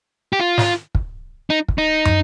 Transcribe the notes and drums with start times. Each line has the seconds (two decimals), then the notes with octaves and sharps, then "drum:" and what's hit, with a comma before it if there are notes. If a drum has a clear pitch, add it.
0.33 G4
0.40 F4
0.58 drum: snare
0.95 drum: kick
1.50 D#4
1.68 drum: kick
1.78 D#4
2.05 drum: tom